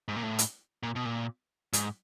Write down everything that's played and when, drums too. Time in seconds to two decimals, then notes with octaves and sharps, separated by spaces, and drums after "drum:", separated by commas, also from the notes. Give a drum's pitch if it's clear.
0.08 G#2
0.16 A#2
0.23 A2
0.39 drum: hi-hat
0.83 A#2
0.96 B2
1.05 A#2
1.73 G#2, drum: hi-hat